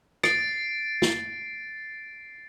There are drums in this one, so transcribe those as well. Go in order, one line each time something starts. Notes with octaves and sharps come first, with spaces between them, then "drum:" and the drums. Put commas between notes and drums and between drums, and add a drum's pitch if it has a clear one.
A6 C7 D7, drum: rim click
drum: snare